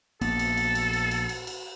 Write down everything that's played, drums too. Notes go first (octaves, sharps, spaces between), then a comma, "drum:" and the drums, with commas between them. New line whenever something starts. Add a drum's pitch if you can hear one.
A#1 A#3 B3 A4, drum: cymbal
drum: cymbal
drum: cymbal
drum: cymbal
drum: cymbal
drum: cymbal
drum: cymbal
drum: cymbal